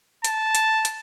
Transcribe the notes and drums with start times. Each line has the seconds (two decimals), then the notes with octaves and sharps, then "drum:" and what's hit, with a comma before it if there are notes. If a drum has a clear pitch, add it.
0.24 A5, drum: hi-hat
0.55 drum: hi-hat
0.85 drum: hi-hat